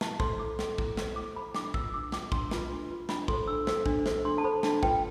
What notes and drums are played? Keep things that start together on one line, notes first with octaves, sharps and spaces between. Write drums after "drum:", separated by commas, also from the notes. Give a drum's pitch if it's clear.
E4 A5, drum: snare
A4 C5 C6, drum: kick
E4 D6
A4 C5, drum: snare
E4, drum: kick
A4 C5, drum: snare
E4 D6
A4 C5 B5
D4 D6, drum: snare
F4 B4 E6, drum: kick
D4 D6
F4 B4 D6, drum: snare
D4 C6, drum: kick
F4 B4, drum: snare
D4
F4 B4
D4 B5, drum: snare
A4 C5 C6, drum: kick
D4 E6
A4 C5, drum: snare
D4, drum: kick
A4 C5, drum: snare
D4 C6
A5
A4 C5 B5
D4 A5, drum: snare
F4 B4 G5, drum: kick